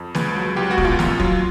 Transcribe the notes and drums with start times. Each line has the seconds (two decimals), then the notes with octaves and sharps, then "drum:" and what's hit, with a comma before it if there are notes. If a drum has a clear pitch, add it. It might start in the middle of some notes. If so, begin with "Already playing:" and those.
Already playing: F2
0.15 C#2 B4, drum: snare
0.36 F#3
0.56 C#2 G4
0.71 F#4
0.78 B2, drum: kick
0.85 F4
0.99 F#2, drum: snare
1.20 F#3, drum: kick